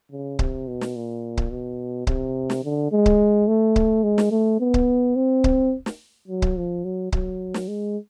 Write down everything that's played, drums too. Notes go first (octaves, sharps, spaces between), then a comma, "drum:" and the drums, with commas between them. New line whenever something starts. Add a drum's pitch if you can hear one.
C#3
C3, drum: kick C#1
B2
drum: snare
A#2
drum: kick C#1
B2
C3, drum: kick C#1
drum: snare
D3
G#3
drum: kick C#1
A3
drum: kick C#1
G#3
drum: snare
A3
B3
drum: kick C#1
C4
drum: kick C#1
drum: snare
F#3
drum: kick C#1
F3
F#3
F#3, drum: kick C#1
drum: snare
G#3